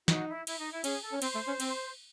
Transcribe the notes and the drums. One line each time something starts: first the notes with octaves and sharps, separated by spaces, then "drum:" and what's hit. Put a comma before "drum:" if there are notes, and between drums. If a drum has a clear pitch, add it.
D#4 F#4, drum: snare
E4
E4, drum: cymbal
D#4
E4
C#4 G#4, drum: cymbal
A4
C#4 C#5
C4 C5, drum: cymbal
A3
C#4
C4, drum: cymbal